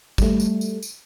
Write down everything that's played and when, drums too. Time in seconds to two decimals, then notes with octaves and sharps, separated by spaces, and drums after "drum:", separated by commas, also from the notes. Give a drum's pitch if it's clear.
0.18 G3 A3, drum: kick, tambourine
0.40 drum: tambourine
0.61 drum: tambourine
0.83 drum: tambourine